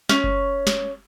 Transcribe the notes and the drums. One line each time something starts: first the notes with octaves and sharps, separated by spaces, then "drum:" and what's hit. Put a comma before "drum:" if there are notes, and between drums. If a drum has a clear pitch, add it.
C#4, drum: snare
drum: kick F#1
drum: snare